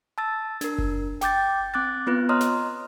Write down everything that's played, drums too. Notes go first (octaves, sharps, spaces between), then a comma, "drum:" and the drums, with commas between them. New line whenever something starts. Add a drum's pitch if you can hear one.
A5 E6 A6
D4 A#4, drum: snare
drum: kick F#1
G5 D6 G6 A6, drum: snare
C4 D6 F#6 A6
B3 F4 B4 F#6
C#5 D#5 A#5 C6 D#6 F6
drum: snare